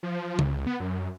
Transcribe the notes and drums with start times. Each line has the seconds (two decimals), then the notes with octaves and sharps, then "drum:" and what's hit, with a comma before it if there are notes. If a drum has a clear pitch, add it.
0.03 F3
0.39 C#2, drum: tom C#3
0.67 B3
0.80 F#2